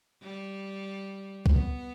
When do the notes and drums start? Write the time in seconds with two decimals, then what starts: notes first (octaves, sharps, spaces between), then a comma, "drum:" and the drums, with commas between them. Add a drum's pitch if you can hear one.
0.22 G3
1.46 B3, drum: kick